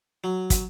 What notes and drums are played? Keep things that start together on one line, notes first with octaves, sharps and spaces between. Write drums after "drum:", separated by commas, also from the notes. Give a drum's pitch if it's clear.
F#3
drum: kick, hi-hat